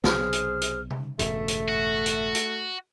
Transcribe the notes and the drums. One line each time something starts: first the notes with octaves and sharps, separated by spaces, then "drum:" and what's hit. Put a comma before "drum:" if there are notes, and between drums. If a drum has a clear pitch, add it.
B1 C3 G#4 C5 F6, drum: snare
drum: hi-hat
drum: hi-hat
drum: tom C3
E1 G2 C#3 A3 E5, drum: hi-hat
drum: hi-hat
F#4
drum: hi-hat
drum: hi-hat